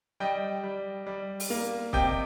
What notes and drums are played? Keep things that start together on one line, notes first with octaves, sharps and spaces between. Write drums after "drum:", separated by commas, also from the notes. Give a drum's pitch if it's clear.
G3 D#5 G5
G3
G3
drum: open hi-hat
A#3
C3 D#5 G5, drum: kick